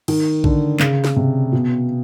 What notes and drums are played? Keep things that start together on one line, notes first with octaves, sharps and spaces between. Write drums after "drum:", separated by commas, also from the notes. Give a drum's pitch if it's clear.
D#3, drum: cymbal
D3, drum: kick A#1
C#3, drum: clap
drum: snare
C3
B2